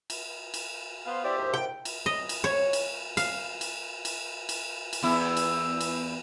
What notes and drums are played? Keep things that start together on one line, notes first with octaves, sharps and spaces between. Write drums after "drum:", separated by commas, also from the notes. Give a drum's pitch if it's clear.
drum: cymbal
drum: cymbal
B3 B4 C5 F5
B3 E4 G4 C5 D5 E5
D#2 G#2
G5
drum: cymbal
D#5
drum: cymbal
C#5
drum: cymbal
F5, drum: cymbal
drum: cymbal
drum: cymbal
drum: cymbal
drum: cymbal
E2 E4
drum: cymbal
drum: cymbal